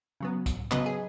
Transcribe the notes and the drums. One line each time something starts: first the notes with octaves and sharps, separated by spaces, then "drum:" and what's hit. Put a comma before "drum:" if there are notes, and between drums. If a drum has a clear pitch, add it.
C#3 F#3 B3
drum: kick, hi-hat
C#3 F#3 B3 B4 D#5, drum: clap
G#4